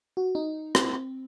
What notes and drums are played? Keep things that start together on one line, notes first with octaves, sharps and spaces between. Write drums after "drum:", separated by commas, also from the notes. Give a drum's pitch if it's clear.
F#4
D#4
C4, drum: rim click